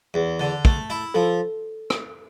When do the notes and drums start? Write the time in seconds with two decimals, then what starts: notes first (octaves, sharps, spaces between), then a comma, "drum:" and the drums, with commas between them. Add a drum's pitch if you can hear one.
0.14 E2 G#4
0.40 D3
0.65 A3, drum: kick
0.90 E4
1.14 F3 A4
1.90 drum: rim click